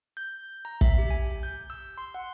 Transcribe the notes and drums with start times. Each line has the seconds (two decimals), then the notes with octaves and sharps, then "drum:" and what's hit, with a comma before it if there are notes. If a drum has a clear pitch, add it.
0.17 G6
0.65 A#5
0.81 E5, drum: kick
0.98 G4
1.11 G#5
1.43 G6
1.70 E6
1.98 C6
2.14 F#5